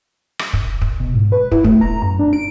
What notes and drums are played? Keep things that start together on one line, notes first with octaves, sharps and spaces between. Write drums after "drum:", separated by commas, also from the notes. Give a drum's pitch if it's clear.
drum: rim click
drum: kick
drum: kick
B2
G#2
B4
E4, drum: kick
A3, drum: kick
A#5
F#2
D4
D7